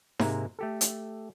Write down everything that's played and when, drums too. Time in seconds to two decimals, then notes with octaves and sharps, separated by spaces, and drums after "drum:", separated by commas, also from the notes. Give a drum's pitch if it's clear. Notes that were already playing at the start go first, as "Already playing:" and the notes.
0.19 G#2 C3 G#3 A#3 E5 A#5, drum: snare D#4
0.59 A3 G4 A4
0.81 drum: hi-hat